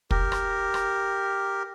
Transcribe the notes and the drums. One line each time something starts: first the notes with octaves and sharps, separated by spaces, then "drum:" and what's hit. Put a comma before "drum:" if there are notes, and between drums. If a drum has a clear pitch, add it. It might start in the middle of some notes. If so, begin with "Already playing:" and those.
G4 A#4, drum: kick
drum: rim click
drum: rim click